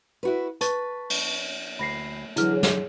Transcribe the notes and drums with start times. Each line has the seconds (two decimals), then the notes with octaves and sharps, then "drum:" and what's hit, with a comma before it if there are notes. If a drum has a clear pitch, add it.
0.23 E4 F#4 B4
0.61 B4 A5 C#6 A6, drum: hi-hat
1.10 drum: cymbal
1.79 D2 B5 A#6 C7
2.36 D3 E3 F#3 E4 G#4 F6, drum: hi-hat
2.53 G#4 C#5
2.63 drum: snare